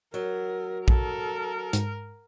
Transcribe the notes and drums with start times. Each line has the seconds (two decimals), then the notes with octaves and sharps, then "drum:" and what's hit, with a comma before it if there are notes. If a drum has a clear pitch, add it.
0.14 F#3 A#4
0.88 A4 A#4, drum: kick A#1
1.73 G#2, drum: hi-hat